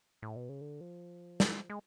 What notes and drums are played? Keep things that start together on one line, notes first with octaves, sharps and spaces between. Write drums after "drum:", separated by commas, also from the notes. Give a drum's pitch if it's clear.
A2
B2
C#3
D3
F3
drum: snare
G#3